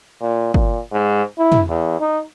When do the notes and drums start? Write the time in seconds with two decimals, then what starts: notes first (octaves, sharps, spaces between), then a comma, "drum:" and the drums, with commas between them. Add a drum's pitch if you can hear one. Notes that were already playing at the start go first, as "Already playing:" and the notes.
0.21 A#2
0.54 A#2, drum: kick G1
0.92 G#2
1.38 E4
1.52 drum: tom
1.69 E2
2.00 D#4